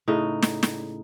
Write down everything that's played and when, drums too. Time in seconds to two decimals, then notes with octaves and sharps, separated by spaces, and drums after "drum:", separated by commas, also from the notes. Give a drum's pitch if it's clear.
0.08 A2 C#3 D#4
0.43 drum: snare
0.63 drum: snare